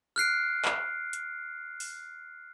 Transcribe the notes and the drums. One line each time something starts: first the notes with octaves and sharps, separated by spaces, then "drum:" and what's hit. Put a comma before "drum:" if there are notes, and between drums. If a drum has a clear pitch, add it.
F6 F#6 C7 D7
drum: clap
drum: hi-hat
drum: open hi-hat